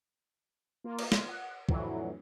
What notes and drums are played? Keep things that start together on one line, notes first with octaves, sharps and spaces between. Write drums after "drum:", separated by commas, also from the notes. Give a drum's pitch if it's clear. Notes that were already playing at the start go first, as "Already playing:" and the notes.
A#3 F4
drum: cymbal
F4, drum: snare
F#5
F2 A2 D3 E3 F#3, drum: kick